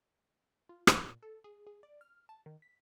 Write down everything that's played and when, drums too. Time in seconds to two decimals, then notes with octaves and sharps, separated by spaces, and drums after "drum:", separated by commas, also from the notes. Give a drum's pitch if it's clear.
0.69 F4
0.87 A#4, drum: rim click
1.04 A#2
1.23 A4
1.44 G#4
1.67 G#4
1.83 D5
2.01 F6
2.29 A5
2.46 D#3
2.62 B6